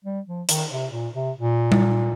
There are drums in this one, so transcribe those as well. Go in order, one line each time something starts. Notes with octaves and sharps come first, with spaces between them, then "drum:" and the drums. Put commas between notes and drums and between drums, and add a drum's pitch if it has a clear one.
G3
F3
D#3, drum: hi-hat
C3
A#2
C3
A#2
drum: tom G3